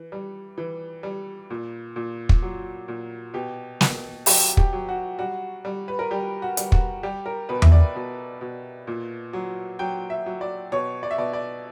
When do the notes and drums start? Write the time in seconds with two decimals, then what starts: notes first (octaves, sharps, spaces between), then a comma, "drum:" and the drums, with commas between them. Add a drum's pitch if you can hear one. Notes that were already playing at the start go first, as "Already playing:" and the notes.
Already playing: E3
0.12 G3
0.58 E3
1.03 G3
1.50 A#2
1.96 A#2
2.29 drum: kick
2.42 F#3
2.88 A#2
3.34 B2 G4
3.81 B2, drum: snare
4.26 F#3 G4, drum: open hi-hat
4.57 G4, drum: kick
4.73 F#3
4.89 F#4
5.19 G3 F#4
5.65 G3
5.88 B4
5.99 A#4
6.11 G3 G4
6.42 F#4
6.57 G3, drum: hi-hat
6.72 F#4, drum: kick
7.03 G3 G4
7.26 A#4
7.49 B2 B4
7.62 E5, drum: tom E2
7.72 D5
7.96 B2
8.41 B2
8.87 A#2
9.33 F#3
9.79 F#3 G5
10.10 E5
10.26 F#3
10.41 D5
10.72 B2 C#5
11.03 D5
11.11 E5
11.18 B2 D5
11.33 D5